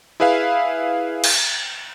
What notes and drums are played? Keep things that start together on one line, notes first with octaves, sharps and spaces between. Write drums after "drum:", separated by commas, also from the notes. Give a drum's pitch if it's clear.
E4 G#4 B4 E5 F5
drum: cymbal